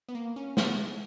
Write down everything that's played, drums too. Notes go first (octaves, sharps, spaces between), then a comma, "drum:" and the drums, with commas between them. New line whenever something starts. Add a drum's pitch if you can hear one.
B3
A#3
C#4
B3, drum: snare
G#3